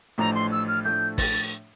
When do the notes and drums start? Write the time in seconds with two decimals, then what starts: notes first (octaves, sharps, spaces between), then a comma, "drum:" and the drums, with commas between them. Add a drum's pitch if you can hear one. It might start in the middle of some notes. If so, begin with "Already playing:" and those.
0.18 A1 A2 F3 A3 D4 A#5
0.35 C6
0.52 E6
0.68 F6
0.84 A2 F3 A3 D4 G6
1.18 A6, drum: kick, open hi-hat